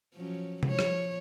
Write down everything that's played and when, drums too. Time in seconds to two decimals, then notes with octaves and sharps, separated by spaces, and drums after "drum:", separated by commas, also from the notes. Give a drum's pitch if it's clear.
0.15 F3 F#3 C#4
0.63 F3 C#5, drum: tom C3
0.79 drum: rim click